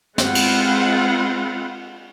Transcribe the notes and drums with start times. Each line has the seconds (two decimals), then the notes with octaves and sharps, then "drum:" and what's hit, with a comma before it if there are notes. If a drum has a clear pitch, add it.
0.18 G#3 C4 F4 B4 F#5, drum: snare
0.35 drum: cymbal